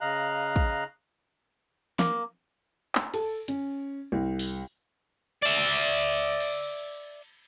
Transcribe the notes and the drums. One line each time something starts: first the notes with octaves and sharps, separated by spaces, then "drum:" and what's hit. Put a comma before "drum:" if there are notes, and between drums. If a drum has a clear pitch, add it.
C#3 D#5 F5 A#5 F#6
drum: kick
A#3, drum: snare
drum: clap
A4, drum: cymbal
C#4, drum: hi-hat
C2
drum: open hi-hat
D5 E5
drum: cymbal
drum: cymbal